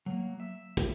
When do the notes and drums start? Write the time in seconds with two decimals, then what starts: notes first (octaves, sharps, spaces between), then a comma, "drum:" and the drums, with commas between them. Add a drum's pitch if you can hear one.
0.06 F#3 A#3
0.40 E5
0.77 drum: kick, hi-hat